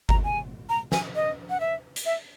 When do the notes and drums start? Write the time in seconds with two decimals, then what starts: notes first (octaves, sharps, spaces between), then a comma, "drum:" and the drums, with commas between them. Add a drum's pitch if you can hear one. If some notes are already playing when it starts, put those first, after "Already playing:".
0.09 A#5, drum: kick G1
0.25 G#5
0.69 A#5
0.92 G#5, drum: snare
1.15 D#5
1.50 F#5
1.60 E5
1.96 drum: hi-hat
2.06 E5